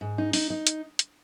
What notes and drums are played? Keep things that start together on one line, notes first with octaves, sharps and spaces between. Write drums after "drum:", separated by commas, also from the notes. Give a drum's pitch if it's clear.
G#2
D#4
D#4, drum: open hi-hat
D#4
drum: hi-hat
drum: hi-hat